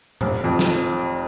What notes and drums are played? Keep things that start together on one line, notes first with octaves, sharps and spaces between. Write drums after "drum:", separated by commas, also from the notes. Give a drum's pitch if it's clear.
F1, drum: tom A2
F2
drum: snare